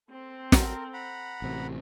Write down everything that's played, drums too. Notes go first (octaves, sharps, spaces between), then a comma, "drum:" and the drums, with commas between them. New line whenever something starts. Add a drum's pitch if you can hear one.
C4 A4
A#4, drum: snare
F#5 A#5 B5
A1 C3